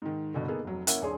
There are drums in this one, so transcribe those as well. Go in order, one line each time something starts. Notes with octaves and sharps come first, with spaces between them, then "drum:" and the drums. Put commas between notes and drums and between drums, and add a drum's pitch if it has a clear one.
G#2 D#3
G1 B2 D3
A#3 B3 D#4 G#4 A4
F1 F#3
A#3 C#4 E4 C#5 E5 F#5, drum: hi-hat
D#1 D4 G#4 C#5 C6